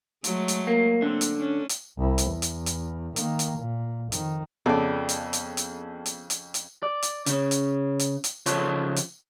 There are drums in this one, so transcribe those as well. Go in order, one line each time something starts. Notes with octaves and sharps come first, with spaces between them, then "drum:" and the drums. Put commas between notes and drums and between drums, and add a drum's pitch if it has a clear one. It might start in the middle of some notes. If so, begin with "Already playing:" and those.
F#3 G#3 A3, drum: hi-hat
drum: hi-hat
A#3
D3 A#3 C4
drum: hi-hat
C#4 D4
drum: hi-hat
C2 E4
drum: hi-hat
E2
drum: hi-hat
drum: hi-hat
D#3 A#3, drum: hi-hat
drum: hi-hat
A#2
F2 D#3, drum: hi-hat
F2 C#3 B3 A4 D5
drum: hi-hat
drum: hi-hat
drum: hi-hat
drum: hi-hat
drum: hi-hat
drum: hi-hat
D5
drum: hi-hat
C#3 C#4, drum: hi-hat
drum: hi-hat
drum: hi-hat
drum: hi-hat
C#3 F3 F4 A4 C5 C#5, drum: hi-hat
drum: hi-hat